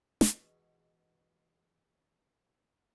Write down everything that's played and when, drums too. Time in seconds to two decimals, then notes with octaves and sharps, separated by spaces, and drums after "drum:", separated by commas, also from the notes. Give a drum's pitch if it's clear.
0.21 E2 B2 G#3, drum: snare